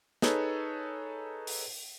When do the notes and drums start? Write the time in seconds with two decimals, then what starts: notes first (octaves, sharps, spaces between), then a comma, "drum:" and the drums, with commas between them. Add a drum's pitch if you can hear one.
0.22 D#4 G#4 A4 B4 C#5, drum: snare
1.47 drum: open hi-hat